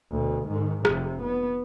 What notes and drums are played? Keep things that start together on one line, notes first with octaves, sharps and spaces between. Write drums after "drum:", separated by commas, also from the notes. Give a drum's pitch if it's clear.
D2 B2
G#2 D#3
F1 C3, drum: rim click
B3